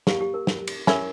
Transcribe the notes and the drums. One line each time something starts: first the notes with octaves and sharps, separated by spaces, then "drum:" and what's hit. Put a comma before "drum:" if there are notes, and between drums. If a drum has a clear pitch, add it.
A#3 G4, drum: snare
G4
A#4
drum: snare
drum: cymbal
C#4 E4 A#4, drum: snare